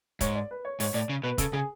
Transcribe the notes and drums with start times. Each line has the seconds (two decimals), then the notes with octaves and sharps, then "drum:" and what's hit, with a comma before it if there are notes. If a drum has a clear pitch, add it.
0.21 G#2 C#5, drum: kick E1, hi-hat
0.35 D5
0.51 B4
0.65 C#5
0.80 G#2 C#5, drum: open hi-hat
0.94 A2 D5
1.09 C#3
1.23 B2 B4
1.38 C#3 A4, drum: kick E1, hi-hat
1.53 C#3 G#4